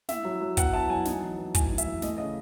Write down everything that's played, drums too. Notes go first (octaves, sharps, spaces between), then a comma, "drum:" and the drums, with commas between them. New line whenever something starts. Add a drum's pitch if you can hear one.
E4 E5, drum: snare
F#3
F#3
B3 F#5, drum: kick, hi-hat
E4 A5
F#3 G#5
D#4, drum: snare
E3
E3
A3 G#5, drum: kick, hi-hat
D#4
E5, drum: hi-hat
E3
A3 D#5, drum: snare
C#3 D#5